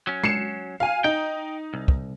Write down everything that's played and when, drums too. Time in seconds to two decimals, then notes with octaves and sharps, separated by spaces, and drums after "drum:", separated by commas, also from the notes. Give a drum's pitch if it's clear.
0.07 F#3 C#4
0.24 C7 C#7 E7, drum: tom G#3
0.80 F5 G#5
1.04 D#4 G5
1.74 C2
1.88 drum: kick